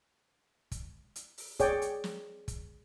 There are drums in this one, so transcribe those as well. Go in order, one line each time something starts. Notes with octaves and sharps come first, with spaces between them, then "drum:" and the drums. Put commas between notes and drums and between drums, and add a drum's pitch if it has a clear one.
drum: kick, hi-hat
drum: hi-hat
drum: open hi-hat
G#4 C#5 D5 G5, drum: kick, hi-hat
drum: hi-hat
drum: snare
drum: kick, hi-hat